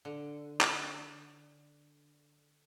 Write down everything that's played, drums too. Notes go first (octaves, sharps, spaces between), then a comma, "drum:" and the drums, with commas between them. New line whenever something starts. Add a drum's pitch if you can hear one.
D3
D4, drum: clap